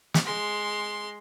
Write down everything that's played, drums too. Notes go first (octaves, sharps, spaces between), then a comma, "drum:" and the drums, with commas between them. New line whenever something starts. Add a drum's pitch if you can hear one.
drum: snare
G#3 C6